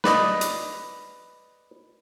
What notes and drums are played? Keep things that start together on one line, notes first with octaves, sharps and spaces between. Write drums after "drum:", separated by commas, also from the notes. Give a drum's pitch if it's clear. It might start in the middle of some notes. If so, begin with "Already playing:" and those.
B4 D5 D#5, drum: snare
drum: hi-hat